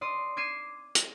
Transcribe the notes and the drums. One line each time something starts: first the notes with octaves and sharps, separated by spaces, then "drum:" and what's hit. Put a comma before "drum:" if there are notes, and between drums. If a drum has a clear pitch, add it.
D5 C6 D#6
D6 G#6 C7 D#7 E7
drum: hi-hat